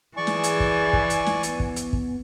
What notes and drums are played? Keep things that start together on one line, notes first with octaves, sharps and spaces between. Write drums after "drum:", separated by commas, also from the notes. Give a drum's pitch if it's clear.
E3 G#4 D5 G#5 C#6
drum: snare
drum: hi-hat
drum: kick
drum: kick
drum: hi-hat
drum: snare
B3, drum: hi-hat
drum: kick
drum: hi-hat
drum: kick